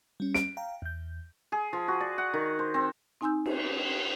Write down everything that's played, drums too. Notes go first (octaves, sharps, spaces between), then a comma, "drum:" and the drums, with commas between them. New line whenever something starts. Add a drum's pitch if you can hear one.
G3 C#4
D7, drum: snare
F5 G5 A#5
E2 G6
G#4
F3
F#4
D5
F#5
D#3
C5
C4
C4 D#4 G#5 C6 E6 G6
drum: cymbal